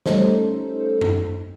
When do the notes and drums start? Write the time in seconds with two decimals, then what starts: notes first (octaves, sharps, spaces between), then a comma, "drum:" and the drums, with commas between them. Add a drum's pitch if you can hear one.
0.06 G3 A3 C#4 D#4 A4 C5, drum: snare
1.01 drum: tom F#2